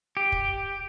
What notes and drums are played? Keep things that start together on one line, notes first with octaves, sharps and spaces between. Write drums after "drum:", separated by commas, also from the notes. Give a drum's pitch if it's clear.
G4
drum: kick